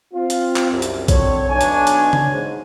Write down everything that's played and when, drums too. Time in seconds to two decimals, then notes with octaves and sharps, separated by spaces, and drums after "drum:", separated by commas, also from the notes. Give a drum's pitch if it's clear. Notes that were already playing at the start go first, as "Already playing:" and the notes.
0.14 C4 F4
0.30 drum: hi-hat
0.56 drum: clap
0.71 C2 F#2
0.82 drum: hi-hat
1.08 D3 C4 C#5, drum: kick A#1, hi-hat
1.49 B1 D4 C#5 G#5
1.61 drum: hi-hat
1.87 drum: hi-hat
2.13 drum: tom C#3
2.32 G#2